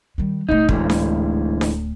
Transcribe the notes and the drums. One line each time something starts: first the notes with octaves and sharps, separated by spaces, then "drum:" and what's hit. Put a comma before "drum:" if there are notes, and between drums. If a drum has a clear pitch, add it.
D#3 G3
D1 A3 D#4
G#2 D3 E3, drum: kick
drum: snare D4
drum: snare D4